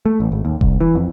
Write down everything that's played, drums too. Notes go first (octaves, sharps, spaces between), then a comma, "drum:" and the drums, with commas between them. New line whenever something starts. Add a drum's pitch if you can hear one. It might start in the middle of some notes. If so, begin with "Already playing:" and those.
A3
A1
G#1
D#2
C2, drum: kick E1
E3
F2